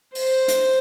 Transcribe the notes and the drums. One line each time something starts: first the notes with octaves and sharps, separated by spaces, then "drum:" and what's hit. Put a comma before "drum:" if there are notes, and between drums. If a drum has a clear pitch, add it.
C5, drum: open hi-hat
drum: hi-hat